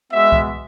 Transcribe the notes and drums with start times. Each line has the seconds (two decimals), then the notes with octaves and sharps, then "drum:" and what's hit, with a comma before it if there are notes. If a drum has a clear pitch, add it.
0.11 G#3 B3 F#4 E5
0.32 drum: kick C2